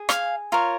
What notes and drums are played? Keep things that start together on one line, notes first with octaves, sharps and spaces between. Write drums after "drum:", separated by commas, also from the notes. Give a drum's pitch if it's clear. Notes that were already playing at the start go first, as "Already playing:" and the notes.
Already playing: G#4
F5 G#5, drum: rim click
F4 A#4 C#5